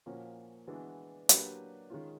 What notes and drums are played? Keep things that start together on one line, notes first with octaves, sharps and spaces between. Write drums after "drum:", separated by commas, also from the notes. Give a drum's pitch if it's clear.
A#2 F3 A#3 C#4 F#4
E3 G#3 B3 D4 F#4
F#3 A#3 D4 G4 B4, drum: hi-hat
D#3 G#3 C#4 F4